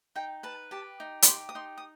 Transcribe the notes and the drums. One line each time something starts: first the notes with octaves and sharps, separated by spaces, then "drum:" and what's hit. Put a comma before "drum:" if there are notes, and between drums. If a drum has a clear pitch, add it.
D#4 G5
B4 A5
G4 A5
D#4
B5, drum: hi-hat
G4 C6
D#6
D#4 C6
D#6